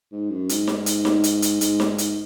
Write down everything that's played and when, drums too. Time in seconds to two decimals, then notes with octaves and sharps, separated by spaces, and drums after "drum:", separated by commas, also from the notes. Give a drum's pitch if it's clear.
0.12 G#2
0.30 F#2
0.49 G#2, drum: hi-hat
0.67 drum: snare D#4
0.86 drum: hi-hat
1.05 drum: snare D#4
1.24 drum: hi-hat
1.42 drum: hi-hat
1.61 G#2, drum: hi-hat
1.80 drum: snare D#4
1.98 drum: hi-hat